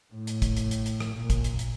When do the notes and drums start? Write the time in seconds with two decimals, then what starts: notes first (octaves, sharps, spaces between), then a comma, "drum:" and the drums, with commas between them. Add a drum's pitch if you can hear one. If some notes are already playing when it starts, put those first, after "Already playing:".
0.14 A2
0.27 drum: hi-hat
0.42 drum: kick, hi-hat
0.57 drum: hi-hat
0.71 drum: hi-hat
0.86 drum: hi-hat
1.00 drum: rim click
1.15 A#2
1.30 drum: kick, hi-hat
1.44 drum: hi-hat
1.59 drum: hi-hat